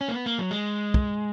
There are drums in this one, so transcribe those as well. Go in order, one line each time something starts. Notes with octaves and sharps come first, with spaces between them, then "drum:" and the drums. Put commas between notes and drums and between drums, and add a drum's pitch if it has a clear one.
C#4
A#3
B3
A#3
F#3
G#3
drum: kick